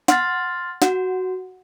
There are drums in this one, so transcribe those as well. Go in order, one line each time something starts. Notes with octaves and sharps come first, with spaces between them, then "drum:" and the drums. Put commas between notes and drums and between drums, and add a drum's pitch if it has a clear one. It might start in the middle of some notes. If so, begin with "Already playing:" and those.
F#5 C6 F6 A6, drum: snare
F#4 F#5, drum: snare